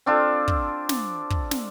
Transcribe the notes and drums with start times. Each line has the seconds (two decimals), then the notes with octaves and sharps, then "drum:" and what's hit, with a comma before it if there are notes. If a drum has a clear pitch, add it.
0.06 C4 D4 F4 A4
0.48 drum: kick
0.89 drum: snare
1.31 drum: kick
1.51 drum: snare